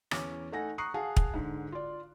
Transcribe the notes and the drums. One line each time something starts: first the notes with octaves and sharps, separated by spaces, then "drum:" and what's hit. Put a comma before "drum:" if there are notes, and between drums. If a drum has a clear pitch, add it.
E2 C#4 D6, drum: rim click
A3 D#4 F#5 G#5 A#6
A#5 C#6 D#6 F#6 C7
G#4 F5 F#5 G#5 A5
drum: kick
G#2 D3
F4 D5